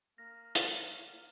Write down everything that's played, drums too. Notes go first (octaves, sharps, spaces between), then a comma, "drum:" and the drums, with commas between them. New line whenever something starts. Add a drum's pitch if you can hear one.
A#3 F6 A#6
drum: hi-hat